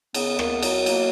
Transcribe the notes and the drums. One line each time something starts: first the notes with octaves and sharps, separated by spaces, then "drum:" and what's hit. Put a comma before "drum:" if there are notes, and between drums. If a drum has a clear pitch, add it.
C#3 B3, drum: cymbal
A#3, drum: rim click
F#3, drum: cymbal
A#3, drum: cymbal